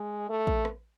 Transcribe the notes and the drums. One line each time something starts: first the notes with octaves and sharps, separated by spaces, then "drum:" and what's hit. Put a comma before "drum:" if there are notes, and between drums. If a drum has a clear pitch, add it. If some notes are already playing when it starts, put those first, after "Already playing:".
Already playing: G#3
A3
drum: kick A1
drum: rim click